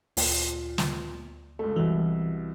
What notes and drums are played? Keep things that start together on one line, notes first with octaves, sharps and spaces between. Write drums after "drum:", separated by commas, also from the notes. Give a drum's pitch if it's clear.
D2 A#2, drum: open hi-hat
drum: snare
C#2 A3
C2 B2 E3